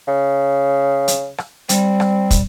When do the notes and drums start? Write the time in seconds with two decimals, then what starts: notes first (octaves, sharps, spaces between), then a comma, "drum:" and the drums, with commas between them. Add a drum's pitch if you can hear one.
0.07 C#3
1.08 drum: hi-hat
1.38 drum: rim click
1.69 G3 C4, drum: hi-hat
2.00 drum: rim click
2.31 drum: kick, hi-hat